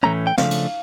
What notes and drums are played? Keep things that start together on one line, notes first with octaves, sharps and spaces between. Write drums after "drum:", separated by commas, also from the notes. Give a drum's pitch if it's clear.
A2 E3 A3 C#4 A#5
G5
C#3 F3 A3 D4 F5, drum: snare
drum: cymbal